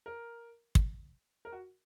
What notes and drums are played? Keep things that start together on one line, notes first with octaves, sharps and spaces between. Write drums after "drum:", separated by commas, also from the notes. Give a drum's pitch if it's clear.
A#4
drum: kick
A#4
F#4